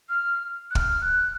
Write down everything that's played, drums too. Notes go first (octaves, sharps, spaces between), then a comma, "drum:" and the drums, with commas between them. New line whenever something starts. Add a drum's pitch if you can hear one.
F6
F#6
F6, drum: kick
F#6